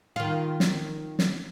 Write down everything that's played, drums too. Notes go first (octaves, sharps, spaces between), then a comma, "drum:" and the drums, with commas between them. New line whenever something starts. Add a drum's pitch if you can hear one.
D#3 F4
drum: snare
drum: snare